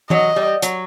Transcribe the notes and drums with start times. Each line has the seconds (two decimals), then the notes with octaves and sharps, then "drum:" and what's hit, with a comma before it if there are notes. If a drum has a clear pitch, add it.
0.10 F#3 D#5, drum: tom E3
0.36 G3
0.62 F#3, drum: hi-hat